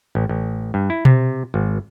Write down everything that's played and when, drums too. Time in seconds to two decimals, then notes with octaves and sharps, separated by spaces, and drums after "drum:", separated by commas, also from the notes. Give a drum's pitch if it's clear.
0.15 A1
0.29 A1
0.74 G2
0.90 E4
1.05 C3, drum: tom B2
1.54 G#1